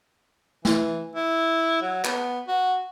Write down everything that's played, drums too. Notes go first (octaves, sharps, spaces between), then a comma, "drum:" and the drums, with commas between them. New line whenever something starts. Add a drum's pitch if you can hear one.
E3, drum: snare
E4
F#3
B3, drum: clap
F#4